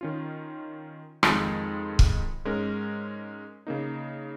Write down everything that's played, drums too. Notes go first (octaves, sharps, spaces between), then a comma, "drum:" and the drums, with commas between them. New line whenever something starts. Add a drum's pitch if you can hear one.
D#3 C#4 F4
F2 D#3 G#3 F4 G#4, drum: rim click
drum: kick
G#2 G#3 C#4 A#4
C#3 A#3 D#4